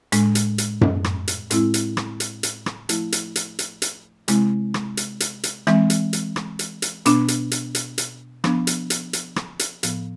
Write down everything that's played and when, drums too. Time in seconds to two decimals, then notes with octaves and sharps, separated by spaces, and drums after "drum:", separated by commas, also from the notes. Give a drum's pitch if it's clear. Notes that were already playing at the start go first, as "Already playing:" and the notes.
0.12 A2 G#3 D4, drum: hi-hat
0.35 drum: hi-hat
0.58 drum: hi-hat
0.81 drum: tom F#2
1.04 drum: rim click
1.28 drum: hi-hat
1.50 A2 G#3 C4 E4, drum: hi-hat
1.74 drum: hi-hat
1.97 drum: rim click
2.20 drum: hi-hat
2.43 drum: hi-hat
2.66 drum: rim click
2.89 F3 A3 E4, drum: hi-hat
3.12 drum: hi-hat
3.36 drum: hi-hat
3.59 drum: hi-hat
3.82 drum: hi-hat
4.28 C3 G#3 C4 E4, drum: hi-hat
4.74 drum: rim click
4.97 drum: hi-hat
5.20 drum: hi-hat
5.43 drum: hi-hat
5.67 E3 G#3 C4, drum: rim click
5.90 drum: hi-hat
6.13 drum: hi-hat
6.36 drum: rim click
6.59 drum: hi-hat
6.82 drum: hi-hat
7.06 B2 B3 D4, drum: hi-hat
7.28 drum: hi-hat
7.51 drum: hi-hat
7.75 drum: hi-hat
7.98 drum: hi-hat
8.44 F3 B3 D4, drum: rim click
8.67 drum: hi-hat
8.90 drum: hi-hat
9.13 drum: hi-hat
9.36 drum: rim click
9.59 drum: hi-hat
9.83 A2 F3 B3, drum: hi-hat